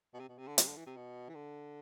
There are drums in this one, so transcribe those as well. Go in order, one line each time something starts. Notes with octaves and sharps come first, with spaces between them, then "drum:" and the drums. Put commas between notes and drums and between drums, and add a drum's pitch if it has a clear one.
B2
C3
B2
C3
D3
C3, drum: hi-hat
D3
E3
C3
B2
E3
D3